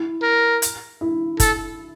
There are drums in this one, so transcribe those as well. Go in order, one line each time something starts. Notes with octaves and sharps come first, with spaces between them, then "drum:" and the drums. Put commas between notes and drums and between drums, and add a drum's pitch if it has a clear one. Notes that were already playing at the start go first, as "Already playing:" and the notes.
Already playing: E4
A#4
drum: hi-hat
E4
A4, drum: kick F#1, hi-hat